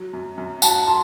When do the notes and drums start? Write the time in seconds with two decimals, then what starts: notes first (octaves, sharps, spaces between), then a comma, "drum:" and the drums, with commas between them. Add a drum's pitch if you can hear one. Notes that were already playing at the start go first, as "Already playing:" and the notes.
Already playing: F#3
0.13 F#2
0.38 F#2
0.62 F#3 F#5 A5, drum: tambourine
0.87 A5 C6